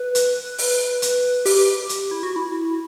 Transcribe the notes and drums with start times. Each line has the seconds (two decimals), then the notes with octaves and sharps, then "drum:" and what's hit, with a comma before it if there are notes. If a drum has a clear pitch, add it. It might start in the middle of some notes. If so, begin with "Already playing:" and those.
Already playing: B4
0.15 drum: hi-hat
0.58 drum: open hi-hat
1.02 drum: hi-hat
1.45 G4, drum: open hi-hat
1.89 drum: hi-hat
2.11 E4
2.23 F#4
2.36 E4